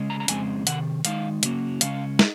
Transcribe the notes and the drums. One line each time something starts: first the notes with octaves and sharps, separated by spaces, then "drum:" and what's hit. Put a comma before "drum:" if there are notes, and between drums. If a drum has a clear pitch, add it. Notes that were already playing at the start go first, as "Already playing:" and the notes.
Already playing: C#3 G#3 C#4
A#5
A#5
F2 C#3 G#3 C4 G#5, drum: hi-hat
C3 D#3 F#5, drum: hi-hat
D#3 G#3 D#4 F5, drum: hi-hat
C#3 F#3 A#3 C#4, drum: hi-hat
C#3 G#3 C#4 F5, drum: hi-hat
D#4, drum: snare